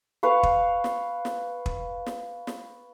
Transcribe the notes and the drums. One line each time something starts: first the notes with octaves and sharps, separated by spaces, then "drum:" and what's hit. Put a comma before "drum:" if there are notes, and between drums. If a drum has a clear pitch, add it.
B4 F5 C#6
drum: kick
drum: snare
drum: snare
drum: kick
drum: snare
drum: snare